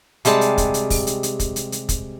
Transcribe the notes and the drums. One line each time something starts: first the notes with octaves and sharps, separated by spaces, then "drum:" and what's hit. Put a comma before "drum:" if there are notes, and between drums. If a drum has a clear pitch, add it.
C3 G3 G#3 A5, drum: hi-hat
drum: hi-hat
drum: kick, hi-hat
drum: hi-hat
drum: kick, open hi-hat
drum: hi-hat
drum: hi-hat
drum: kick, hi-hat
drum: hi-hat
drum: hi-hat
drum: kick, hi-hat